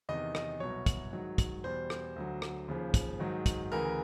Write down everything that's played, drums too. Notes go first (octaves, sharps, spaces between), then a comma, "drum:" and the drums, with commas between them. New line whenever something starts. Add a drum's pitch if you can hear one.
E2 C3 D#3 D#5
D#5, drum: rim click
C2 B2 F#3 C#5
drum: kick, hi-hat
G#2 D#3 F#3
drum: kick, hi-hat
E2 B2 G3 C5
drum: rim click
D2 D3 F#3
drum: rim click
D#2 C#3 F3
drum: kick, hi-hat
G#2 D#3 F#3
drum: kick, hi-hat
D2 C#3 E3 A#4